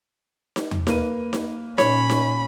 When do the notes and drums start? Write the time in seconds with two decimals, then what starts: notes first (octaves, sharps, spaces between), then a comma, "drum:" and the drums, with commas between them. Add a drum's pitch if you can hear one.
0.56 drum: snare D#4
0.71 drum: tom E2
0.87 A#3 B4 D#7, drum: snare D#4
1.33 drum: snare D#4
1.78 A#2 C#4 C#5 B5, drum: snare D#4
2.10 drum: snare D#4